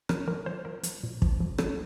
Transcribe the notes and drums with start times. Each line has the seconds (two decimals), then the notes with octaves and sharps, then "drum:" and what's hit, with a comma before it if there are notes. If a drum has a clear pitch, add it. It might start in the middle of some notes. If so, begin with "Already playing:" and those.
0.09 F3 A#4, drum: rim click
0.28 F3 A#4
0.46 F3 C5
0.65 F3 A#4
0.83 F3, drum: hi-hat
1.03 A#2
1.22 F3, drum: kick
1.40 F3
1.58 F3 A4, drum: rim click